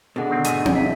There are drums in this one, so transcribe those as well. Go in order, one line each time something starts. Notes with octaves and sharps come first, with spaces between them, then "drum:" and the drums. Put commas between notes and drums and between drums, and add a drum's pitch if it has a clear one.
B2 D3 G#4 A4 F#5
D#3 C4
G#2 A3 G#5, drum: hi-hat
drum: tom C4
D#2 E5 B6